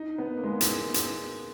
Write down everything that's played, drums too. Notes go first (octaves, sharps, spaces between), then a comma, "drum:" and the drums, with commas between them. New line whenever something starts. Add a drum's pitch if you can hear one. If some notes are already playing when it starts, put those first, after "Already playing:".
Already playing: D#4
B3
A#3
G#3
drum: hi-hat
drum: hi-hat